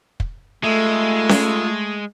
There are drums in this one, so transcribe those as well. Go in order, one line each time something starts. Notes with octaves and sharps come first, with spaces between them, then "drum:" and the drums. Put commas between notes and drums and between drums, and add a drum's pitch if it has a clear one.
drum: kick
G#3 A3 F4 A4 E5
drum: snare C#4